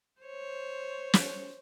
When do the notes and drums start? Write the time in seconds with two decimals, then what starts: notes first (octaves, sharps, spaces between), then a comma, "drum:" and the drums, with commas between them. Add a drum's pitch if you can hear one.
0.22 C5 C#5
1.13 drum: snare